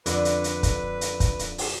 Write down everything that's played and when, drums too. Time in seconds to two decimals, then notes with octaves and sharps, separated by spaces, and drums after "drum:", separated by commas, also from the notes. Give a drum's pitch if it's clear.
0.06 F2 D3 B4, drum: hi-hat
0.25 drum: hi-hat
0.44 drum: hi-hat
0.63 drum: kick, hi-hat
1.01 drum: hi-hat
1.20 drum: kick, hi-hat
1.39 drum: hi-hat
1.58 drum: open hi-hat